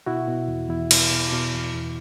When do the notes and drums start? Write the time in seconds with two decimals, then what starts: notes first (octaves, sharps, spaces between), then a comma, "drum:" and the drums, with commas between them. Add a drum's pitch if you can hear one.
0.06 B2 E4 F#4
0.28 B2
0.48 E2
0.69 E2 E4
0.91 B2, drum: cymbal
1.11 B2
1.32 B2
1.53 E2
1.73 E2